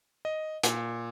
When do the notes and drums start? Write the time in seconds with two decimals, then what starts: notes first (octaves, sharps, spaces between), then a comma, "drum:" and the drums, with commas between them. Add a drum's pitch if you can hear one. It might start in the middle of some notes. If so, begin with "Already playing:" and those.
0.25 D#5
0.63 A#2, drum: hi-hat